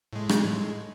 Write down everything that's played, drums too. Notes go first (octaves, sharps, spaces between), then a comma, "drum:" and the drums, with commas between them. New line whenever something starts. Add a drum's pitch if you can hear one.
A2 G#3
drum: rim click